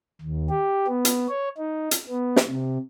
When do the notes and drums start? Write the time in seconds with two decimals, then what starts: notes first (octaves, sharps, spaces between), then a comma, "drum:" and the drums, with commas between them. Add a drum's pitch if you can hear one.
0.21 D#2
0.50 G4
0.87 B3
1.05 drum: hi-hat
1.29 C#5
1.58 D#4
1.91 drum: hi-hat
2.09 B3
2.36 drum: snare
2.47 C3